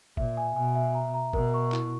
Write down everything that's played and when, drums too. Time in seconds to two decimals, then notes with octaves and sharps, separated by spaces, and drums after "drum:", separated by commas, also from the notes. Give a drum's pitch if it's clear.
0.17 A#2 E5, drum: kick G1
0.37 G#5
0.56 B2 G#5
0.75 E5
0.95 A#5
1.14 A#5
1.33 B2 A#4, drum: kick G1
1.54 C#6
1.72 E4, drum: clap